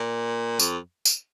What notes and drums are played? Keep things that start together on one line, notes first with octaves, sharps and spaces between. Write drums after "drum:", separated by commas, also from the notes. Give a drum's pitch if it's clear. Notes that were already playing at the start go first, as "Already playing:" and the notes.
Already playing: A#2
F2, drum: tambourine
drum: tambourine